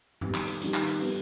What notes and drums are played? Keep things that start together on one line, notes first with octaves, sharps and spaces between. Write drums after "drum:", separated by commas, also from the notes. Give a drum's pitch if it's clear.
D#3 G3 B3 G4, drum: tom
drum: clap
drum: hi-hat
D#3 G3 B3 G4, drum: hi-hat
drum: clap
drum: hi-hat
D#3 G3 B3 G4, drum: open hi-hat